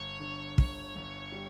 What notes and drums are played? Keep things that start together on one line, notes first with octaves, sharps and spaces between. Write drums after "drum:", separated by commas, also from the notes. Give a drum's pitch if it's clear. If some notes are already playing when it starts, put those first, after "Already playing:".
Already playing: G1 C#5
D3
G1, drum: kick
G1
G3